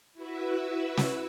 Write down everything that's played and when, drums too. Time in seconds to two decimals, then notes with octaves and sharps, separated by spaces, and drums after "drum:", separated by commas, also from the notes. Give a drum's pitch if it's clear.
0.14 E4 F#4 B4 E5
0.97 drum: snare